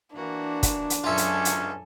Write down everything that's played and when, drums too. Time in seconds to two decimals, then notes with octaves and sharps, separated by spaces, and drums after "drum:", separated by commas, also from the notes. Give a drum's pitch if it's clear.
0.16 E3 A#3 D4 F#4
0.63 drum: kick, hi-hat
0.90 drum: hi-hat
1.04 G#1 C#2 F#2 C#4 F4 A4 E5 G#5
1.18 drum: hi-hat
1.45 drum: hi-hat